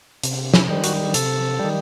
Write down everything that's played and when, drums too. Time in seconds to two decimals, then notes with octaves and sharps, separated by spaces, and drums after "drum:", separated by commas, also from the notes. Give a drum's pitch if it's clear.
0.23 C3, drum: hi-hat
0.54 E4, drum: snare
0.69 D#3 G3
0.84 F#4, drum: hi-hat
1.14 C3 A4, drum: hi-hat
1.59 D#3 G3